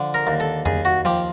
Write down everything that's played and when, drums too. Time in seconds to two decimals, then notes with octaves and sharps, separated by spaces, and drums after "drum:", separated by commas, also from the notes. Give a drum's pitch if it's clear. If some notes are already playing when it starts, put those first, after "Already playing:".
Already playing: D3 F3
0.14 A#4
0.27 D#2
0.40 A4
0.66 D#2 G#4, drum: tom F2
0.85 F#4
1.05 F3 G4